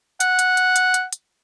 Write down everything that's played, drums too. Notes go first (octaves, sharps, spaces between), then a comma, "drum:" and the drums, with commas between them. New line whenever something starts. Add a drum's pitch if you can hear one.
F#5, drum: hi-hat
drum: hi-hat
drum: hi-hat
drum: hi-hat
drum: hi-hat
drum: hi-hat